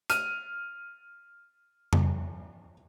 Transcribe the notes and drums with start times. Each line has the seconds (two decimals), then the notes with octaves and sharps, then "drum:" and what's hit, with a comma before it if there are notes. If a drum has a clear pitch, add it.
0.10 F6 D#7, drum: hi-hat
1.93 drum: tom F2